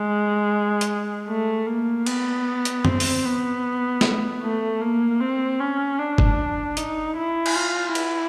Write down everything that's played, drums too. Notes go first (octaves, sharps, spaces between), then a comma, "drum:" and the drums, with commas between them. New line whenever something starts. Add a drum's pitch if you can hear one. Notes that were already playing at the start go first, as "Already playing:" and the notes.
Already playing: G#3
drum: hi-hat
A3
A#3
B3, drum: cymbal
drum: hi-hat
C4, drum: tom
drum: open hi-hat
B3
drum: snare A3
A3
A#3
C4
C#4
D4
drum: kick F#1
D#4, drum: hi-hat
E4
drum: cymbal
F4
E4, drum: cymbal